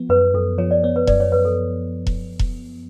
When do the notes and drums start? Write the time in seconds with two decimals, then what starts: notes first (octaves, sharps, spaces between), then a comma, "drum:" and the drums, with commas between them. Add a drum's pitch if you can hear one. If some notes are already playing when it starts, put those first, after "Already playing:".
Already playing: F3 B3
0.09 F#2 B4
0.34 F#2 A4
0.58 F3 C#5
0.71 D5
0.84 B3 C#5
0.96 B4
1.07 F#2 D5, drum: kick E1
1.20 C#5
1.32 F#2 B4
1.45 A4
2.07 drum: kick E1
2.39 drum: kick E1